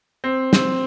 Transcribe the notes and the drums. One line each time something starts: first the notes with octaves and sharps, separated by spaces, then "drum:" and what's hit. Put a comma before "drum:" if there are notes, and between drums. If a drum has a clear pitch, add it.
C4
C4, drum: snare